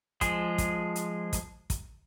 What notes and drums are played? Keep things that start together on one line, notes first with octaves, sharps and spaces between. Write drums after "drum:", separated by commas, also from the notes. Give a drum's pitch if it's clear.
F3 G#3 G#4, drum: kick, hi-hat
drum: kick, hi-hat
drum: hi-hat
drum: kick, hi-hat
drum: kick, hi-hat